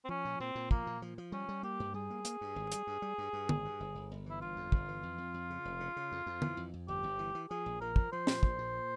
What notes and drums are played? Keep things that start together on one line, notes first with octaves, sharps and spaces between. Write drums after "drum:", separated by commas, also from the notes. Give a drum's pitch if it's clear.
C4
F3 C#4
A#2
A#2 C4
A#2
F3 A#3, drum: kick
A#2
F3
F3
G3 C#4
G3
A#3 G4
G2
G3 G#4
A#3
A#3, drum: hi-hat
G2
G#1
G3, drum: hi-hat
G2
G3
G2
G2
G#1, drum: tom D3
G2
G1
G1
G1
E3 E4
G1 F4
F2
G1, drum: kick
E3
F2
F2
F2
C#3
F1
C#3
C#3
F2
F2
E3, drum: tom D3
F2
F2
G1 G4
G1
E3
E3
F3 G#4
A#1
F3 A#4
F3, drum: kick
F3 C5
A#2, drum: snare
A#1, drum: kick
A#2